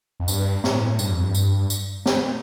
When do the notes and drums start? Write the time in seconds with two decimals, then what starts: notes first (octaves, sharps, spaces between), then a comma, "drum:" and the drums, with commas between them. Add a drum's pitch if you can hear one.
0.20 F2
0.28 G2, drum: tambourine
0.64 A2, drum: snare
0.99 G2, drum: tambourine
1.11 F2
1.23 G2
1.35 drum: tambourine
1.70 drum: tambourine
2.06 drum: snare